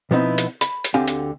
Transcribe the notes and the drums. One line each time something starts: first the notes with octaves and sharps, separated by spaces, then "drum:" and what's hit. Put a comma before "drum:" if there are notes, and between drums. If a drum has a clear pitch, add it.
B2 F3 B3 C4 D#4 E4
drum: hi-hat
B5, drum: hi-hat
drum: hi-hat
D2 D3 C4 G4 F5 G#5
drum: hi-hat